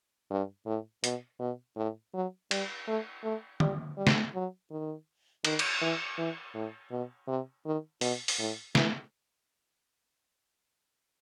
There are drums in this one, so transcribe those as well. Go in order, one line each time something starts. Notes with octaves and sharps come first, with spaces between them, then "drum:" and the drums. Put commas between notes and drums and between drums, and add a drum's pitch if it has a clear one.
G2
A2
B2, drum: hi-hat
B2
A2
F#3
G3, drum: cymbal
A3
A3
G3, drum: tom
G3
drum: snare
F#3
D#3
D#3, drum: cymbal
drum: cymbal
E3
E3
A2
B2
C3
D#3
B2, drum: open hi-hat
drum: open hi-hat
A2
E3, drum: snare